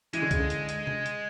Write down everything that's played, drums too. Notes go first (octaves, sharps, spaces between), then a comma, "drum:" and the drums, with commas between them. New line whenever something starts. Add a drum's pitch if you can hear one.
E3 G#3, drum: hi-hat
D3
C#3, drum: kick C2, hi-hat
D3
drum: hi-hat
drum: hi-hat
drum: tom C3
drum: hi-hat